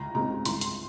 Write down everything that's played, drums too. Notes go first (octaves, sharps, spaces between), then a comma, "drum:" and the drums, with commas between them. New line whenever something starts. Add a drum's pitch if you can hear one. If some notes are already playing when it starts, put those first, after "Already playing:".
Already playing: C#2 A#5
C#3 G#3 C4 A#5
C#2 C6, drum: hi-hat
drum: hi-hat